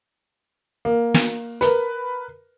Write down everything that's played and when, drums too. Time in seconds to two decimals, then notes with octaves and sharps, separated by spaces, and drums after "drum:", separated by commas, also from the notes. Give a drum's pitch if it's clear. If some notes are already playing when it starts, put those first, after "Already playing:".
0.85 A#3
1.14 drum: snare
1.61 A#4 B4, drum: hi-hat